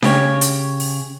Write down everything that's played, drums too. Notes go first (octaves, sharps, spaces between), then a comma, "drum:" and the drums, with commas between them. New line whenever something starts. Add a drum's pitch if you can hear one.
C#3 G4 C#5, drum: snare D4
drum: hi-hat
drum: open hi-hat